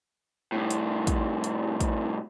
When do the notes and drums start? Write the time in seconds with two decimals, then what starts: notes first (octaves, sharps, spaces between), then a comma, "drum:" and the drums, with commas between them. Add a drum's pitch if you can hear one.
0.52 C2 A2
0.70 drum: hi-hat
1.07 drum: kick, hi-hat
1.44 drum: hi-hat
1.81 drum: kick, hi-hat